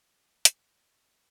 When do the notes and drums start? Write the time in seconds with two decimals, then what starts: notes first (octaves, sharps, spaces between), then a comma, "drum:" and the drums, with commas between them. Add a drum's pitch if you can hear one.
0.03 D6
0.45 G#3 B3 A#4 B4, drum: hi-hat
0.76 D#5